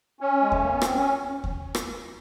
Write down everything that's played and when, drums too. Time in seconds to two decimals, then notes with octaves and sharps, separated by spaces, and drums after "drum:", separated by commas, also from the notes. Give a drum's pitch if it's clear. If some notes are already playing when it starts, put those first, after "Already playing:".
0.20 C#4
0.42 G#3
0.52 A3, drum: kick D#2
0.62 A#3
0.72 B3
0.82 C4, drum: rim click
0.97 C#4
1.44 drum: kick D#2
1.75 drum: rim click